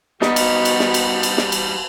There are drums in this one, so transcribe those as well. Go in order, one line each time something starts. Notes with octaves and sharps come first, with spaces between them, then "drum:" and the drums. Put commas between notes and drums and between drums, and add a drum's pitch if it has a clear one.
G3 B3 D#4 F#4 D#5, drum: snare
drum: cymbal
drum: cymbal
drum: snare
drum: cymbal
drum: cymbal
drum: snare
drum: cymbal